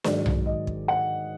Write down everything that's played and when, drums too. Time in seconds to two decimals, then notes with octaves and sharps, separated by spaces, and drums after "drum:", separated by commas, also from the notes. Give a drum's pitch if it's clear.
0.04 G#2 D#3 F#3 D5, drum: snare
0.26 drum: tom B1
0.46 D#5
0.67 drum: kick
0.88 F#5